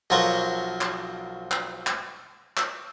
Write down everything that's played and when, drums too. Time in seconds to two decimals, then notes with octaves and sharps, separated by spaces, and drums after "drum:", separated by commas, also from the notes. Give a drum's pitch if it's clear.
0.10 B1 F3 F#3 F4 A#4 C#6
0.81 drum: clap
1.51 drum: clap
1.87 drum: clap
2.57 drum: clap